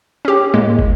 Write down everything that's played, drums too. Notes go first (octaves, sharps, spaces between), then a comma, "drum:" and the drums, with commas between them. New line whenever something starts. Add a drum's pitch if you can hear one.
C#4 G4
A2 G#3 A#3
drum: kick